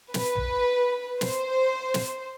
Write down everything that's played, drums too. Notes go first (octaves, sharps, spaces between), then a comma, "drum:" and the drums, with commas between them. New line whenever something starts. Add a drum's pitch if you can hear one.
B4, drum: snare
drum: tom B1
C5, drum: snare
drum: snare